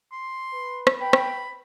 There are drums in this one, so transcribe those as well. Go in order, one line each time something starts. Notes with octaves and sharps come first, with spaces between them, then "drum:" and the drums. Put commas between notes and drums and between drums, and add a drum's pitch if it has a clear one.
C6
B4
drum: rim click
G5 B5
drum: rim click